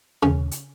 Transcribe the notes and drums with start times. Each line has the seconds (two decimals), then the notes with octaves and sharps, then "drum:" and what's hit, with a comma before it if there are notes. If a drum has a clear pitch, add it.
0.23 C#3 C#4, drum: tom D#2
0.51 drum: hi-hat